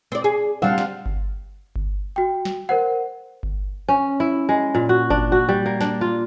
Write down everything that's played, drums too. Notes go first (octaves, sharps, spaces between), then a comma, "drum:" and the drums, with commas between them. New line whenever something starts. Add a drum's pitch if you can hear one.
C4 D5
G#4
G3 C4 D4 F5 F#5
drum: snare
drum: kick G1
drum: kick G1
F#4 G5
drum: snare
A#4 C5 F#5
drum: kick G1
C#4
E4
G#3
A#2
F#4
D4, drum: kick G1
F#4
G3
A#3
D4, drum: snare
F4